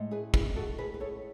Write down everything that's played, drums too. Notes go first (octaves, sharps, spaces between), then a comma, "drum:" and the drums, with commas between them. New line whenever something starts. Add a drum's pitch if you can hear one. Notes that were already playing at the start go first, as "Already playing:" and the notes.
Already playing: A2 G#3
G#4 B4
E4 G#4, drum: kick
F#4 A4
G#4 B4
B4
A4 C#5